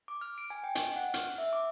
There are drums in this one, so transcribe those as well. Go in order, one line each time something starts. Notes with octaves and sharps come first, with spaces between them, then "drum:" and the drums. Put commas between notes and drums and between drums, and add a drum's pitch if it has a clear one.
D6
F6
D7
G#5
G5
D#5, drum: hi-hat
F#5
F6, drum: hi-hat
E5
D6